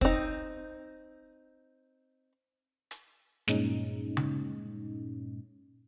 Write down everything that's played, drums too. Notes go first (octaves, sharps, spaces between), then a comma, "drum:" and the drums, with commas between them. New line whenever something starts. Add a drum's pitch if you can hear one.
C4 D#4, drum: kick
drum: hi-hat
G2 A#2 G#3 C#4 D#4, drum: snare
drum: tom C#3